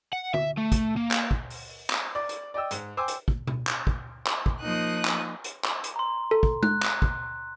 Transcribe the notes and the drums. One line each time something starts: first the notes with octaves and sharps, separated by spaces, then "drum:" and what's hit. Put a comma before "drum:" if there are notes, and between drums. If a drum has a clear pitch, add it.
F#5
E5, drum: tom
A3
drum: kick, hi-hat
A#3
drum: clap
drum: kick
drum: open hi-hat
drum: clap
D5
drum: hi-hat
D5 D#5 G5 E6
G#2, drum: hi-hat
C5 G5 G#5 D6 E6
drum: hi-hat
drum: kick
drum: tom B2
drum: clap
drum: kick
drum: clap
drum: kick
F3 A#3 D#4 D#6 F#6
drum: clap
drum: hi-hat
drum: clap
drum: hi-hat
A#5 C6
A4
drum: kick
F#6, drum: tom G#3
drum: clap
drum: kick